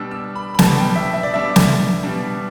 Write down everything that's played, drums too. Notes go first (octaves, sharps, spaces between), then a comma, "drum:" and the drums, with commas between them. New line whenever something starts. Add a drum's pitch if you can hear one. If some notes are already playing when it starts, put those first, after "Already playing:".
Already playing: B2 G3 D4 E6
E6
B5
B5
B2 G3 D4 A5, drum: snare
G5
E5
E5
D5
B2 G3 D4 E5
drum: snare
B2 G3 D4